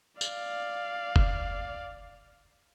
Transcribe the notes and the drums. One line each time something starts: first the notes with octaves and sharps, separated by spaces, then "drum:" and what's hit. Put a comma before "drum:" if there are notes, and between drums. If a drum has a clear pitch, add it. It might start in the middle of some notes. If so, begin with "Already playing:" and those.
D5 F5, drum: tambourine
drum: kick